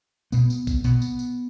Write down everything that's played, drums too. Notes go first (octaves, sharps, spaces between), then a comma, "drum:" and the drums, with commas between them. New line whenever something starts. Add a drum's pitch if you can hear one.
B2 B3, drum: tambourine
drum: tambourine
drum: kick A#1, tambourine
B2 B3, drum: tambourine
drum: tambourine
drum: tambourine